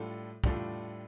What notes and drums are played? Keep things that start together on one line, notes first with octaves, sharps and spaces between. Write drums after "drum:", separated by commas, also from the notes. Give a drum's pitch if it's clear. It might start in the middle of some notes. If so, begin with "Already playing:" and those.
Already playing: A2 G3 D4 F4 A4
A2 G3 D4 F4 A4, drum: kick